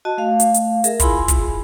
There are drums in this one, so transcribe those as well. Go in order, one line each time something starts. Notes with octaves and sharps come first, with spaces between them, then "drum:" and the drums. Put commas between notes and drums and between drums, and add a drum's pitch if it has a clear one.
F#4 D#5 A5
A3 F5
drum: hi-hat
drum: hi-hat
G#4 A#4 E5, drum: hi-hat
E4 F4 G#4 G#5 B5 C6, drum: kick, hi-hat
drum: kick, hi-hat